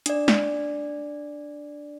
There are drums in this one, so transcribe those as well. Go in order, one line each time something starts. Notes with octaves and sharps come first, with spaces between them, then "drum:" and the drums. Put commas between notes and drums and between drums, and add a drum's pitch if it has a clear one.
D4 D5, drum: hi-hat
drum: snare